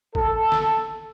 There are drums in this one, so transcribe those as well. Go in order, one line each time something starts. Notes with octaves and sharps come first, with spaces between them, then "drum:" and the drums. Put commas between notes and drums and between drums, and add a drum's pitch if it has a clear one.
A4, drum: kick
drum: snare